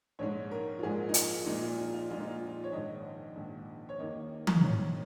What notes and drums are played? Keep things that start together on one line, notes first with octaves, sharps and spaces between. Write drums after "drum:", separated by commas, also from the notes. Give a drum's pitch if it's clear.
A#1 G#2 G#3 C#5
A#4
F4
A#1 G#2 G#3 G#4
D#4
F4, drum: hi-hat
A#1 A#2 G#3 D#4
F4
F4
F4
A#1 A#2 G#3 F4
D#4
F4
C#5
A#1 G#2 D#3 D#5
A#1 G#2 D#3
C#5
D#2 D#3 A#3 D#5
drum: tom E3
D#2 D#3 A#3 C#5